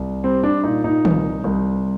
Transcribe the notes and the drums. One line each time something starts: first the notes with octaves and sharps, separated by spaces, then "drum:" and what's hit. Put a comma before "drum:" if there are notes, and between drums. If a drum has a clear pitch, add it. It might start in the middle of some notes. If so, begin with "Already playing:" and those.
Already playing: C2
G3 C4
D4
A#2 D#4
D#4
C2, drum: tom D#3
C2